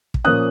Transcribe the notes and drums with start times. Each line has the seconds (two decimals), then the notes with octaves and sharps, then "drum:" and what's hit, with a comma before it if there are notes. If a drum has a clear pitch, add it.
0.14 drum: kick
0.25 A#2 F3 A#3 C#4 D#6 F#6